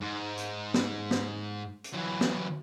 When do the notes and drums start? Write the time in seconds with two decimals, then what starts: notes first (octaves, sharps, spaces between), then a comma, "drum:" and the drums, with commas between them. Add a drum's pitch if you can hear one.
0.01 G#2
0.37 drum: hi-hat
0.74 drum: snare
1.11 drum: snare
1.84 drum: hi-hat
1.94 E3 F#3
2.21 drum: snare